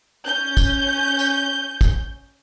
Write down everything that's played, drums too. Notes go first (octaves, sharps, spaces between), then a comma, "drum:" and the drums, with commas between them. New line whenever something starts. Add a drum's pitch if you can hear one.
C#4 G6
drum: kick, tambourine
drum: tambourine
drum: kick, tambourine